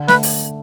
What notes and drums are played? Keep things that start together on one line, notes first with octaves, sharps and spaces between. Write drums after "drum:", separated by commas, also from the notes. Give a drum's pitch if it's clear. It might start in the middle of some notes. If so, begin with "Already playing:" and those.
Already playing: D3
A3 B4, drum: snare
drum: open hi-hat